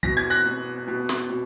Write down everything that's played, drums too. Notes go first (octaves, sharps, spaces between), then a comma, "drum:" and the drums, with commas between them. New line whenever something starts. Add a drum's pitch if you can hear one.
B2 A#6, drum: kick
G#6
F#6 A#6
B2
B2
drum: snare
B2